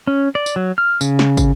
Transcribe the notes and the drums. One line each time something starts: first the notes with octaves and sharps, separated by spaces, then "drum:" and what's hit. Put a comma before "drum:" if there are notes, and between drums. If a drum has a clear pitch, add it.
C#4
D5
drum: tambourine
F#3
F6
C#3, drum: tambourine
drum: snare
drum: kick, tambourine